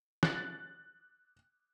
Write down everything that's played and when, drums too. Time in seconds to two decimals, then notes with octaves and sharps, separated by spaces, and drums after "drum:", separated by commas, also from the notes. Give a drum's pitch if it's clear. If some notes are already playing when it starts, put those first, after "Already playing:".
0.23 F#6 A6, drum: snare